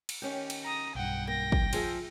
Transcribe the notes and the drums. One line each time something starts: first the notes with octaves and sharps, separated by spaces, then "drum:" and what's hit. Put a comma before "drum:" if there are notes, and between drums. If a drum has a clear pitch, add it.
drum: cymbal
D#3 C#4 G4
drum: cymbal
A#5 D#6
B1 G2 F#5 G5
A#3 G5 A#6
drum: kick
F3 G#4 E5, drum: cymbal